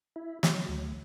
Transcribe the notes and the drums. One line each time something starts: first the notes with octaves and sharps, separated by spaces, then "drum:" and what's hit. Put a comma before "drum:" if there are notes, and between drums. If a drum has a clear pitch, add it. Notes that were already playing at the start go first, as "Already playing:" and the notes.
E4
F#3, drum: snare
D2